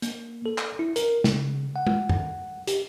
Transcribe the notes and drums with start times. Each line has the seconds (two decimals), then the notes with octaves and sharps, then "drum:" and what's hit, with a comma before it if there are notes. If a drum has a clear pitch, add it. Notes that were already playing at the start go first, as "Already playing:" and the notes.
0.02 A#3, drum: hi-hat
0.46 A4
0.58 drum: clap
0.79 E4
0.96 A#4, drum: hi-hat
1.24 C#3, drum: snare
1.76 F#5
1.87 drum: tom
2.09 drum: tom F#2
2.67 G4, drum: hi-hat